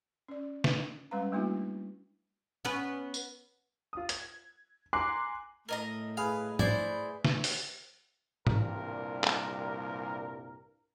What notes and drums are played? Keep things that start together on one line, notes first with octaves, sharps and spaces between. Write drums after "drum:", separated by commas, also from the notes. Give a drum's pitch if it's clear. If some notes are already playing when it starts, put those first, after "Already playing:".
C#4 D5
drum: snare
G3 G#3 C#4 B4 F5 A#5
G3 A3 A#3 D4 E4 F#4
B3 C#4 B4
drum: tambourine
F4 D#6
G#6, drum: hi-hat
G#5 A#5 C6 D6 F#6 C7
A2 A#4 D#5 A#5
G#4 B4 F5
E4 C5 D5, drum: tom G#2
drum: snare
drum: open hi-hat
C2 G2 A#2 A#4, drum: tom G#2
drum: clap